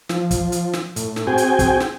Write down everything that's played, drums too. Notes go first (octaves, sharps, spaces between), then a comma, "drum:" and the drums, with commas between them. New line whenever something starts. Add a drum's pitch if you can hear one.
F3, drum: snare
drum: kick, hi-hat
drum: hi-hat
drum: snare
A2, drum: hi-hat
drum: snare
C4 F#4 G#4 G5 G#5
drum: hi-hat
drum: kick, hi-hat
drum: snare